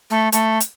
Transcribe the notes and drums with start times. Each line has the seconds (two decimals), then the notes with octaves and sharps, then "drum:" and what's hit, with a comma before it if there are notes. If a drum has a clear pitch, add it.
0.10 A3
0.32 A3, drum: hi-hat
0.60 drum: hi-hat